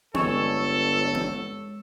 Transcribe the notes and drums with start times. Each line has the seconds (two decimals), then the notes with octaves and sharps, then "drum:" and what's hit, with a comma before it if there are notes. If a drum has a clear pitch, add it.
0.14 G1 G#3 A4 C#5 E6, drum: tom B3
1.15 drum: tom B3